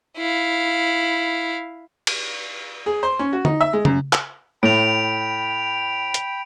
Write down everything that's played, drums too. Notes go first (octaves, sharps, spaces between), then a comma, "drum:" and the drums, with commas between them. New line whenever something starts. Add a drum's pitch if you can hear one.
E4 F5
drum: cymbal
G#4
C5
C#4
F#4
D#4, drum: tom
E5
G#3
F#2, drum: tom
drum: clap
A2 G5 B5 D7 F7
drum: hi-hat